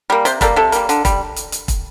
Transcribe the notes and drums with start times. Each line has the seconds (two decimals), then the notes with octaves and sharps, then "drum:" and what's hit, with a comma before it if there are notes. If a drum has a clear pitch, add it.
0.10 G3 A#3
0.25 C3 C5, drum: hi-hat
0.41 G3 A#3 A4, drum: kick, hi-hat
0.56 C3 A4
0.72 G3 A#3, drum: hi-hat
0.89 D3, drum: hi-hat
1.05 G3, drum: kick, hi-hat
1.36 drum: hi-hat
1.52 drum: hi-hat
1.68 drum: kick, hi-hat